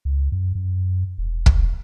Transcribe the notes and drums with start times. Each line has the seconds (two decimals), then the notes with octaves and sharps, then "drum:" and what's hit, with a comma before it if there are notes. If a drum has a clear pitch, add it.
0.05 C#2
0.32 F#2
0.55 F#2
1.18 E1
1.46 drum: kick